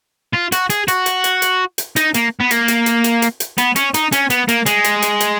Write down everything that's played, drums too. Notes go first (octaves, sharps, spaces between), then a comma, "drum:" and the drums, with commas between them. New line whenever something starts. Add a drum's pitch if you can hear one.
F4
F#4, drum: hi-hat
G#4, drum: hi-hat
F#4, drum: hi-hat
drum: hi-hat
drum: hi-hat
drum: hi-hat
drum: hi-hat
D#4, drum: hi-hat
A#3, drum: hi-hat
B3
A#3, drum: hi-hat
drum: hi-hat
drum: hi-hat
drum: hi-hat
drum: hi-hat
drum: hi-hat
B3, drum: hi-hat
C#4, drum: hi-hat
D#4, drum: hi-hat
C#4, drum: hi-hat
B3, drum: hi-hat
A#3, drum: hi-hat
G#3, drum: hi-hat
drum: hi-hat
drum: hi-hat
drum: hi-hat